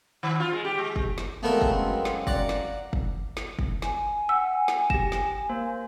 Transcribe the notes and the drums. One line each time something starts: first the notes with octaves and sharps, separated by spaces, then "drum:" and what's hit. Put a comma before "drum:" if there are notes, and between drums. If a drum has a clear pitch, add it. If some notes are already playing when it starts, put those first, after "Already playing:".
D#3
F4
G#3
G4
G#3
drum: kick
drum: snare
F#3 G#3 A3 B3 C4 A#4 F5
drum: kick
F#2
drum: snare
D5 F#5 A#5, drum: kick
drum: snare
drum: kick
drum: snare
drum: kick
G#5, drum: snare
F#5 E6
drum: snare
G4 A#6 E7, drum: kick
drum: snare
A#3 C5